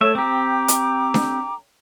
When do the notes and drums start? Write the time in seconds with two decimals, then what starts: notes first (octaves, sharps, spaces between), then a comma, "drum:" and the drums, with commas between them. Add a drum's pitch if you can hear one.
0.01 A3 A4 C#5 E5
0.15 C4 G4 G5 A#5 D6
0.68 drum: hi-hat
1.14 drum: snare D4